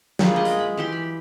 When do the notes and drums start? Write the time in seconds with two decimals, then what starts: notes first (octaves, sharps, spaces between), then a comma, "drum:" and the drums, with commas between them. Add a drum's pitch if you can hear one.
0.19 G3 A#3 F4 G#4, drum: snare
0.36 G#3 D#5
0.45 drum: hi-hat
0.59 B5
0.77 E3 G4 C6
0.92 B5